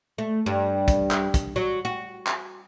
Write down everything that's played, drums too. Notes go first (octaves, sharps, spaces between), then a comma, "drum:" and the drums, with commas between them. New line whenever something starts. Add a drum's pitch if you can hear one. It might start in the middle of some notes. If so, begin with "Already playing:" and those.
A3
G2
drum: kick, hi-hat
drum: clap
drum: kick, hi-hat
F#3
F#4
drum: clap